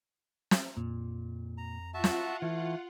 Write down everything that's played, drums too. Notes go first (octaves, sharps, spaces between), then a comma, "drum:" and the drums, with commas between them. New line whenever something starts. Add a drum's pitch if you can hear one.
drum: snare
F2 A#2
A#5
F4 F#4 E5 F#5 A5
drum: snare
E3 A3